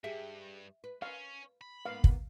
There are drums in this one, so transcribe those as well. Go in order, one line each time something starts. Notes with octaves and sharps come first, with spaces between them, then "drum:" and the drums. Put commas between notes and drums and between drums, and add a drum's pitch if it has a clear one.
G2 G4 G#4 E5
B4
C#4 F5
B5
G#2 A#3 B3 F5
drum: kick